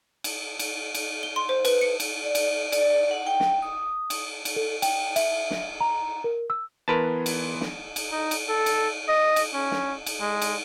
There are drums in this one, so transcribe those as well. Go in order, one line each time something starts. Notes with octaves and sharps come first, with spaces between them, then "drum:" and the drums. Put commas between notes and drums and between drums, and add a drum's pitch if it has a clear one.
drum: cymbal
drum: cymbal
drum: cymbal
G7
C6
C5
B4, drum: cymbal
C#7
drum: cymbal
D5
drum: cymbal
D5, drum: cymbal
F#5
G5
drum: snare
D#6
drum: cymbal
drum: cymbal
A4
G5, drum: cymbal
E5, drum: cymbal
drum: snare
A#5
A#4
E6
E3 B3 A#4 B4 A5 C6
drum: cymbal
drum: snare
drum: cymbal
D#4
drum: cymbal
A4
drum: cymbal
D#5
drum: cymbal
C#4
drum: snare
drum: cymbal
G#3
drum: cymbal